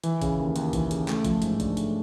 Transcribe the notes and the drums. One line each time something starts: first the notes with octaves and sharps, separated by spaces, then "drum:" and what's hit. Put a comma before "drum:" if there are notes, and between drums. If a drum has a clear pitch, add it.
E3, drum: hi-hat
C#3, drum: kick G#1, hi-hat
D#2
D#2, drum: hi-hat
E3, drum: kick G#1, hi-hat
C#3, drum: hi-hat
A3, drum: clap
F3, drum: kick G#1, hi-hat
G#2, drum: hi-hat
D4, drum: kick G#1, hi-hat
A3, drum: hi-hat